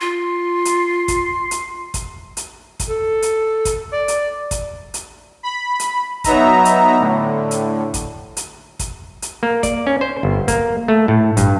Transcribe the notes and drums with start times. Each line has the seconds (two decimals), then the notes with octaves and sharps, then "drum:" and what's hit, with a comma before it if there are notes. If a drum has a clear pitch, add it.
0.01 F4 C6
0.65 drum: hi-hat
1.08 drum: kick, hi-hat
1.51 drum: hi-hat
1.94 drum: kick, hi-hat
2.37 drum: hi-hat
2.80 drum: kick, hi-hat
2.89 A4
3.22 drum: hi-hat
3.65 drum: kick, hi-hat
3.93 D5
4.08 drum: hi-hat
4.51 drum: kick, hi-hat
4.94 drum: hi-hat
5.43 B5
5.80 drum: hi-hat
6.24 F#3 B3 D#4 E5 A#5, drum: kick, hi-hat
6.65 drum: hi-hat
6.99 A2 D3
7.51 drum: hi-hat
7.94 drum: kick, hi-hat
8.37 drum: hi-hat
8.79 drum: kick, hi-hat
9.22 drum: hi-hat
9.43 A#3
9.63 D5, drum: kick, hi-hat
9.87 C#4
10.01 C5
10.23 G1
10.48 A#3, drum: kick, hi-hat
10.88 A3
11.08 A2
11.37 G2, drum: kick, hi-hat